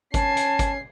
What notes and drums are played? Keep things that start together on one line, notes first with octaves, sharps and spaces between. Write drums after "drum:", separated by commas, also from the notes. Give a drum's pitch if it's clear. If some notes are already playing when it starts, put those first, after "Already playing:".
C#4 A5 G#6 C7, drum: kick, hi-hat
drum: hi-hat
drum: kick, hi-hat